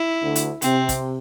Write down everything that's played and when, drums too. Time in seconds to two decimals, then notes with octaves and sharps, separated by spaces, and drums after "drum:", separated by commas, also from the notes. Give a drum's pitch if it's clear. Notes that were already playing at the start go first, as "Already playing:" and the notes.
Already playing: E4
0.22 D2 D3
0.36 drum: hi-hat
0.62 C3 C4, drum: hi-hat
0.89 drum: kick, hi-hat